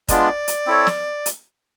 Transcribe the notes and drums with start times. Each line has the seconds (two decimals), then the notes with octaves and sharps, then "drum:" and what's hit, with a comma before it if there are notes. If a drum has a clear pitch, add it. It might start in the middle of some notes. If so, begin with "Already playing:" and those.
0.08 G#3 B3 D4 F4 D5, drum: kick, hi-hat
0.48 drum: hi-hat
0.67 C4 E4 A4 C#5
0.87 drum: snare
1.26 drum: hi-hat